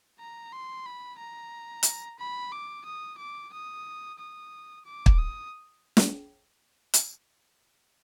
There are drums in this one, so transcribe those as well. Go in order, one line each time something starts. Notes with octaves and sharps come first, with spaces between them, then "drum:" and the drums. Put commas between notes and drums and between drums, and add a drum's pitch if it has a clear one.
A#5
C6
B5
A#5
drum: hi-hat
B5
D6
D#6
D6
D#6
D#6
D6
drum: kick
D#6
drum: snare
drum: hi-hat